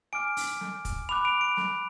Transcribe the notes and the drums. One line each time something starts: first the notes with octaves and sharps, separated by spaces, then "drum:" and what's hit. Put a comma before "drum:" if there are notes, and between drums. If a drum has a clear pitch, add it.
G#5 D6 F6 D7
drum: open hi-hat
drum: snare
drum: kick, hi-hat
B5 D6 F#6 F7
D7
D7
drum: snare